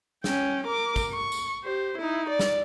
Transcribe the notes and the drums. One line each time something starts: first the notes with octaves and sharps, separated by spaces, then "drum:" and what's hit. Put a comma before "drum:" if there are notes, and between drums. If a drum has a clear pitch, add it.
C#4 G5, drum: snare
A#4 D6
drum: kick, tambourine
C#6
drum: tambourine
G4 C5
D#4 E4
D5
drum: snare